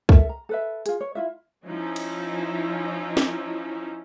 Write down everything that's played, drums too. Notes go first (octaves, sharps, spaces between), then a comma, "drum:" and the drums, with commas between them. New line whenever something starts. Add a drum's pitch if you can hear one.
A4 A#4 E5, drum: kick
A#5
A4 B4 E5
F4 G#4, drum: hi-hat
C#5
E4 F4 E5
F3 C#4 D#4 E4
drum: cymbal
drum: snare